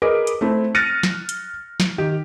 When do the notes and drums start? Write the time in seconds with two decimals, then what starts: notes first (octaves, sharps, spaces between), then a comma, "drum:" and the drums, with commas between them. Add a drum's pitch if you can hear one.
0.02 G#4 A#4 B4 D#5 D6
0.27 drum: hi-hat
0.41 A3 C4 E4
0.75 F6 F#6 A6 A#6 C#7 D#7
1.03 drum: snare
1.29 drum: hi-hat
1.80 drum: snare
1.98 D#3 G4